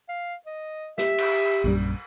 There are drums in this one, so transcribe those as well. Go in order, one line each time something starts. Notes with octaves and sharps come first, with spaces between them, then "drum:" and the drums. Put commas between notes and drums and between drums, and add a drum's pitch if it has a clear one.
F5
D#5
G4 E5, drum: snare
drum: cymbal
A#1 F#2 G3